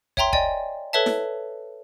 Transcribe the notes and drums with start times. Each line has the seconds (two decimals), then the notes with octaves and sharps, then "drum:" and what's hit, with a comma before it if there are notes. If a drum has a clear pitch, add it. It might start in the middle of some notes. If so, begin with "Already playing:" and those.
0.17 C#5 E5 G5 A#5 C6, drum: kick
0.33 D5 D#5 G5 G#5, drum: kick
0.93 A4 B4 C#5 E5 A5
1.06 drum: snare E4